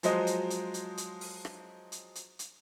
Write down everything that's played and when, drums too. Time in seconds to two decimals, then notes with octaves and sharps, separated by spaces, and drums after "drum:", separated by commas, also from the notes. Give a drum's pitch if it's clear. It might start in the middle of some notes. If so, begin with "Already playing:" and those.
0.03 F3 F#3 G#3 C5 D#5, drum: hi-hat
0.27 drum: hi-hat
0.50 drum: hi-hat
0.74 drum: hi-hat
0.98 drum: hi-hat
1.21 drum: open hi-hat
1.45 drum: rim click
1.92 drum: hi-hat
2.15 drum: hi-hat
2.39 drum: hi-hat